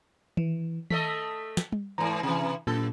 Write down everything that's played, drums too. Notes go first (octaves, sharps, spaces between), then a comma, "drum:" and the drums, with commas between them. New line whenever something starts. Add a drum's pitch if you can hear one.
E3, drum: tom D#3
A3 A4 D#5 B6, drum: tom D#3
drum: snare
drum: tom G3
G#2 E3 A#5
C3 E3
F#2 A#2 A4